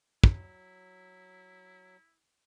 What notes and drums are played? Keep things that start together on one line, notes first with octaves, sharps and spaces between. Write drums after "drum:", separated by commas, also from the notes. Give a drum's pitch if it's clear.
F#3 E4, drum: kick